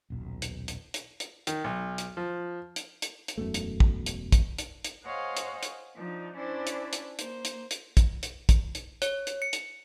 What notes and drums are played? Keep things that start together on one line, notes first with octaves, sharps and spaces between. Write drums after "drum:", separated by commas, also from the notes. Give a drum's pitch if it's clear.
D#1 B1
drum: hi-hat
drum: hi-hat
drum: hi-hat
drum: hi-hat
D#3, drum: hi-hat
B1
drum: hi-hat
F3
drum: hi-hat
drum: hi-hat
drum: hi-hat
E1 F#2 B2 A3
drum: hi-hat
drum: kick
drum: hi-hat
drum: kick, hi-hat
drum: hi-hat
drum: hi-hat
G#4 C5 C#5 D#5 F5 F#5
drum: hi-hat
drum: hi-hat
F3 D4 D#4
C#4 D4 E4 C5 D5
drum: hi-hat
drum: hi-hat
A#3 C5, drum: hi-hat
drum: hi-hat
drum: hi-hat
drum: kick, hi-hat
drum: hi-hat
drum: kick, hi-hat
drum: hi-hat
C#5, drum: hi-hat
drum: hi-hat
C#7
drum: hi-hat